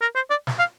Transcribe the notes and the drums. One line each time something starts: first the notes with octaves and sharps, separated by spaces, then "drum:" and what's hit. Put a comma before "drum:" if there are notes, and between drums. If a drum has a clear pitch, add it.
A#4
C5
D5
drum: snare
F5